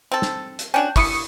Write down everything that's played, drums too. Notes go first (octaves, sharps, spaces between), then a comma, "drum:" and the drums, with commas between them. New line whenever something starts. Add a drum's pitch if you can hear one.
C4 A4
drum: snare
drum: hi-hat
C#4 D4 F#4 G5
D4 E4 C#6 D#6 C#7, drum: kick, open hi-hat